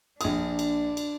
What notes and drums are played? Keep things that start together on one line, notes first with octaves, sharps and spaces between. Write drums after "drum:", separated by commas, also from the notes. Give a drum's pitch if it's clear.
A#1 D4 D#6, drum: cymbal
drum: cymbal
drum: cymbal